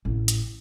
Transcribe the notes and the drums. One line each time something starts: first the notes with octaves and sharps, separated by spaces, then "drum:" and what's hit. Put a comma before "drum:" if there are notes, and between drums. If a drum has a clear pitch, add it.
A1
drum: hi-hat